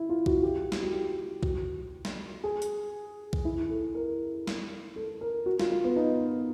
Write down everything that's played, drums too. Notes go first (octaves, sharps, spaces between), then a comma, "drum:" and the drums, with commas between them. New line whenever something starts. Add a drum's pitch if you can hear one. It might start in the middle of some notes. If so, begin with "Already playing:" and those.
Already playing: E4
F4
F#4, drum: kick B1
G4
drum: snare
F#4
G4
F#4, drum: kick B1
drum: snare
G#4
drum: hi-hat
drum: kick B1
E4
A4
A#4
drum: snare
A4
A#4
F#4
F4, drum: snare
F4
B3
D#4